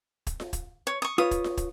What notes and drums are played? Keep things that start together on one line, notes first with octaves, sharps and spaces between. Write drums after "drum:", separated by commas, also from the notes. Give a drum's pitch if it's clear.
drum: kick, hi-hat
drum: snare F4
drum: kick, hi-hat
C#5
C#6 D#6
F4 B4 C#5 D#6
drum: kick, hi-hat
drum: snare F4
drum: kick, hi-hat